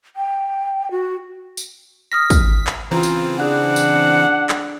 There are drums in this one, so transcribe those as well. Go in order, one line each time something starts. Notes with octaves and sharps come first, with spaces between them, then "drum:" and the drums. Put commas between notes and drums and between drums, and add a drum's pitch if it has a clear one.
G5
F#4
drum: tambourine
D#6 F6 A#6 B6
drum: kick, tambourine
drum: clap
C#3 E3 C4 F4 A#5
drum: tambourine
D4 G#4 F#5 F#6
drum: tambourine
drum: clap